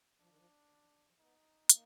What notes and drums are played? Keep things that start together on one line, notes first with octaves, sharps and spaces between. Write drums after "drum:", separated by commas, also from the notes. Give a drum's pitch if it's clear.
F3 D4
D#3
F3
D#3
F3
D#3
F3
B3 D#4
B3
A#3, drum: hi-hat